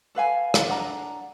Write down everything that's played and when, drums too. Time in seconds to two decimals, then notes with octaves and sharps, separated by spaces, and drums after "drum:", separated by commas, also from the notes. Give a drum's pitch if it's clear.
0.15 A4 B4 F5 G#5
0.54 drum: rim click
0.67 D4 F#5 A#5